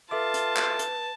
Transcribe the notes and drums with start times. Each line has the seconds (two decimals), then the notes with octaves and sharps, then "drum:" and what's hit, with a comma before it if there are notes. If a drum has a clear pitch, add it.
0.11 F4 A4 B4 E5 A5 D6
0.34 drum: hi-hat
0.57 drum: clap
0.79 drum: hi-hat